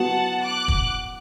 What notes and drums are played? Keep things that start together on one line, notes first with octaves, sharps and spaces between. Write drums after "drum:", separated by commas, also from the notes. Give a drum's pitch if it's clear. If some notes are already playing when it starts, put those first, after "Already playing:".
Already playing: F#3 B3 F#4 F#5 A5
D6 F#6
drum: kick